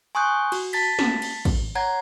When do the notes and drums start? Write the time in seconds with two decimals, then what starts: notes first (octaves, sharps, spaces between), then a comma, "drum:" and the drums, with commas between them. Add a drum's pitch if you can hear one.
0.15 G#5 C6 C#6 D#6 F#6 G6
0.52 F#4, drum: cymbal
0.73 A5 A6 B6, drum: cymbal
0.99 drum: snare
1.22 drum: cymbal
1.45 drum: kick, cymbal
1.75 C#5 F#5 A#5 G#6